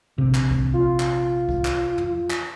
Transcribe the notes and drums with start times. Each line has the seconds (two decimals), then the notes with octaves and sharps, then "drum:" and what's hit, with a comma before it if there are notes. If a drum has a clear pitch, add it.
0.18 A#1 C3
0.35 drum: clap
0.51 drum: kick C2
0.73 F4
1.00 drum: clap
1.49 drum: kick C2
1.65 drum: clap
1.98 drum: tom
2.30 drum: clap